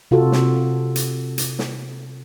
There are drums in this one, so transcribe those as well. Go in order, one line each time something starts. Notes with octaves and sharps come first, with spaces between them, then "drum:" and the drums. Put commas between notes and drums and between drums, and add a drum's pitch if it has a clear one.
C3 F4 F#4 A4
drum: snare
drum: hi-hat
drum: hi-hat
drum: snare